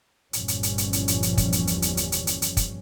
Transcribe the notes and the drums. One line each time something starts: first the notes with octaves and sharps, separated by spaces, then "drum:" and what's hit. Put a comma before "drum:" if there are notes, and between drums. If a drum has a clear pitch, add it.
G1 E2 A#2 F3 G3 C#4, drum: hi-hat
drum: hi-hat
drum: hi-hat
drum: hi-hat
drum: hi-hat
drum: hi-hat
drum: hi-hat
drum: kick, hi-hat
drum: hi-hat
drum: hi-hat
drum: hi-hat
drum: hi-hat
drum: hi-hat
drum: hi-hat
drum: hi-hat
drum: kick, hi-hat